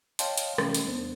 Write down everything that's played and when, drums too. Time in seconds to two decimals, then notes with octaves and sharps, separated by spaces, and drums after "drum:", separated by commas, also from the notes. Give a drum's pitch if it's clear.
0.19 C#5 D#5 F5 G5 A5 C6, drum: hi-hat
0.38 drum: hi-hat
0.58 C3 E3 G3 A3 C#4, drum: rim click
0.74 drum: hi-hat
0.87 E2 B3 D4 C5